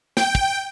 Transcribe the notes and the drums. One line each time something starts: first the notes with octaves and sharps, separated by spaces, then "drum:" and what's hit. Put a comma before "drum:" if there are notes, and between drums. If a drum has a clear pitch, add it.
G5, drum: snare
drum: kick